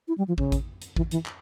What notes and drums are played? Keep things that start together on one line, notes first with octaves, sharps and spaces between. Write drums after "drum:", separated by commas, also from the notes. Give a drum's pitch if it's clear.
E4
G3
F3
C#3, drum: kick
drum: kick, hi-hat
drum: hi-hat
E3, drum: kick
E3, drum: hi-hat
drum: clap